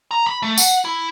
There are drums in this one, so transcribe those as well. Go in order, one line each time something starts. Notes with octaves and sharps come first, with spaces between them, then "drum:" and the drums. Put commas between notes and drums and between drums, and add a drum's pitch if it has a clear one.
A#5
B5
A3
F#5, drum: tambourine
E4